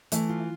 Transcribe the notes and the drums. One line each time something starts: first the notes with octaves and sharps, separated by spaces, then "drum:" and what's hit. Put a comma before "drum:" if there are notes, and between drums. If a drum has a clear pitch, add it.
E3 A3, drum: hi-hat
F4